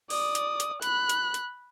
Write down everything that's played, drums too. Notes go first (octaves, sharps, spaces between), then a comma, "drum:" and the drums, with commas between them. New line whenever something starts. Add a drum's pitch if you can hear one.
D5 D#6, drum: open hi-hat
drum: hi-hat
drum: hi-hat
B5 F#6, drum: hi-hat
drum: hi-hat
drum: hi-hat